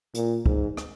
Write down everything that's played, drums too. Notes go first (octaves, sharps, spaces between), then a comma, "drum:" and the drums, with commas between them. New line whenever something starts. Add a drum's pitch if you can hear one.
A#2, drum: hi-hat
G#2, drum: kick
drum: rim click